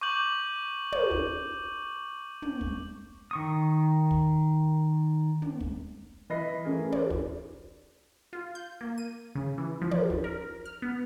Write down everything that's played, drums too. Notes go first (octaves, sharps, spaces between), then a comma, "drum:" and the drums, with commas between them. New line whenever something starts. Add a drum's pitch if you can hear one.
C#6 D6 G6 F#7
drum: tom
drum: kick
drum: tom
drum: kick
D#3 C#6 D#6
drum: kick
drum: tom
drum: kick
E3 B4 D#5 B5 A#6 C7
E3 A3 C#4 G#4 A#4
D5, drum: tom
drum: kick
F4
G6
A#3
D#7
C#3
E3
F3
drum: tom
drum: kick
A#4
F6
B3